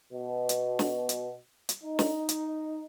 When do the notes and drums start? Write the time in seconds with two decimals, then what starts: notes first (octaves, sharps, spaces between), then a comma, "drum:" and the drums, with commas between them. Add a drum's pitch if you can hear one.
0.13 B2
0.49 drum: hi-hat
0.79 drum: snare
1.09 drum: hi-hat
1.69 drum: hi-hat
1.84 D#4
1.99 drum: snare
2.29 drum: hi-hat